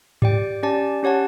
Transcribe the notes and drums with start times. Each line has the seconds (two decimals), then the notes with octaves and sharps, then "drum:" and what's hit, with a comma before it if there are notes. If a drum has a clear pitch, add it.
0.22 G4 D5 G5, drum: tom G#2
0.63 C#4 G4 D5 A5
1.03 C#4 G4 C#5 F#5 A5